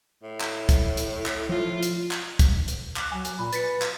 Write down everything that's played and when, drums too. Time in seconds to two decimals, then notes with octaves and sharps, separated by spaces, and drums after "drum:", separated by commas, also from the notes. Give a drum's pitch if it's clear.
0.23 A2
0.40 drum: clap
0.69 drum: kick, hi-hat
0.97 drum: hi-hat
1.26 drum: clap
1.49 F3 F4
1.83 drum: hi-hat
2.11 drum: clap
2.39 drum: kick, hi-hat
2.68 drum: hi-hat
2.96 D6 F#6, drum: clap
3.12 F#3 G#5
3.25 drum: hi-hat
3.39 A#2 B5
3.53 B4 A6 B6 C#7, drum: hi-hat
3.82 drum: clap